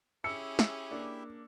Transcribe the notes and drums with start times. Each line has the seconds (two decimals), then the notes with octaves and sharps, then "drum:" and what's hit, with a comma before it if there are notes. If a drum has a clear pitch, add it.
0.24 C#4 E4 G4 G#4 E5 E6 C#7
0.59 drum: snare
0.91 A#3 D4